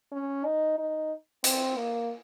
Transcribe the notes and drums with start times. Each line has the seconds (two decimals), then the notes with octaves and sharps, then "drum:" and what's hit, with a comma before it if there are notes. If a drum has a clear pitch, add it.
0.12 C#4
0.45 D#4
0.78 D#4
1.44 C4, drum: hi-hat
1.77 A#3